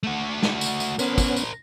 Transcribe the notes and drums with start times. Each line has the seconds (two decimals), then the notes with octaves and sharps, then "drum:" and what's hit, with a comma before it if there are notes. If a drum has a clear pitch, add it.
0.03 A3 F#4
0.42 drum: snare
0.61 drum: tambourine
0.80 drum: tambourine
0.99 B3 C#4 A#4 C5, drum: tambourine
1.18 drum: kick, tambourine
1.37 drum: tambourine